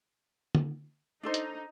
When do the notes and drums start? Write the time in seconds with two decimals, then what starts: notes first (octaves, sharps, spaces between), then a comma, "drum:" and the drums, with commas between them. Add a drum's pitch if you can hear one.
0.55 drum: tom
1.23 D4 D#4 A4 C5
1.34 drum: hi-hat